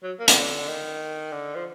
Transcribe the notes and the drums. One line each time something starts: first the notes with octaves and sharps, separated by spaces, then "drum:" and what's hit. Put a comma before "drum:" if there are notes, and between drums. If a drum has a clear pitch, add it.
F#3
A#3
D#3, drum: hi-hat
D3
D#3
D3
F3